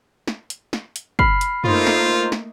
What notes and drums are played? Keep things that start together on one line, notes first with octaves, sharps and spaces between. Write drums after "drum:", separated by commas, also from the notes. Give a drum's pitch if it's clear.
drum: snare
drum: hi-hat
drum: snare
drum: hi-hat
B5 F6 C7, drum: kick
drum: hi-hat
A3 A#3 D#4 F4 C5, drum: tom F#2
drum: snare
drum: snare